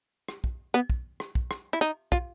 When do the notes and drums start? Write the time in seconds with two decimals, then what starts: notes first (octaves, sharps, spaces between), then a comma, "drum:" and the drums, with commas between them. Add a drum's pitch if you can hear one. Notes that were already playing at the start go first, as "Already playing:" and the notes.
0.28 drum: rim click
0.44 drum: kick
0.74 B3
0.90 drum: kick
1.20 drum: rim click
1.35 drum: kick
1.51 drum: rim click
1.73 E4
1.81 D#4
2.12 F4, drum: kick